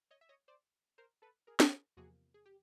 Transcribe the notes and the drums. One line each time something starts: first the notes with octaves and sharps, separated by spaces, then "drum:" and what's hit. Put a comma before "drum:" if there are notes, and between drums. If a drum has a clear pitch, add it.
C#5 D#5
E5
C#5 D#5
C5 D5
A#4 C5
A4 B4
G#4 A#4
drum: snare
G#4 A#4
E2 C3 F3 A#3 F#4 G#4
G#4
G4